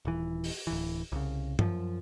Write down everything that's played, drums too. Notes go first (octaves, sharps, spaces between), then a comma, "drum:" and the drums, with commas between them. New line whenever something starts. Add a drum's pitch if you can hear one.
D#1 E3
drum: open hi-hat
D1 E3
C2 C#3
F#2 F3, drum: tom